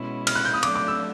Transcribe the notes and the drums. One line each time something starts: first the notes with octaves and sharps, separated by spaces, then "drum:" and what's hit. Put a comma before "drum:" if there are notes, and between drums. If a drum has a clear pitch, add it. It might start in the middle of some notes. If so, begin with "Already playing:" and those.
Already playing: B2 G#3 C#4 E4
F6, drum: cymbal
F#6
G6
D#6
F#3 A3 D4 D6, drum: cymbal
D6
E6